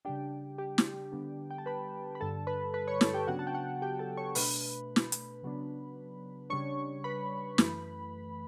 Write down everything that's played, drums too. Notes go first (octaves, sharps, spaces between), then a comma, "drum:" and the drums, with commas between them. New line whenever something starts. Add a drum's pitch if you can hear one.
C#3 G3 D4 G4 G5
G4 G5
drum: snare
D3 G3 B3 D4
G5
A5
B4 B5
B5
G2 D3 G3 A4 A5
B4 B5
B4 B5
C#5 C#6
A4 A5, drum: snare
G4 G5
C#3 F#3 B3 D4 F#4 F#5
A5
G5
F#4 F#5
G4 G5
A4 A5
C#5 C#6
B2 A3 D4 B4 B5, drum: open hi-hat
drum: snare
drum: hi-hat
C#3 F#3 B3 D4
C#3 G3 D4 C#5 C#6
B4 B5
F#2 E3 A3, drum: snare